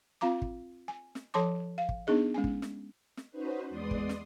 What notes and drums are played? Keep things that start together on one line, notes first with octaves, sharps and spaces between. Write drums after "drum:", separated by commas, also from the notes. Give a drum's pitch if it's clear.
C4 F4 F5 A#5 D6
drum: kick
G#5
drum: snare
F3 A4 C#5 A5 C6 D6
F5
drum: kick
B3 D4 D#4 G#4 D#5
G#3 C#4 G#5
drum: kick
drum: snare
drum: snare
C#4 D#4 F#4 B4 C5
E2 G#3 B3 D5 C6 D#6
drum: kick
drum: snare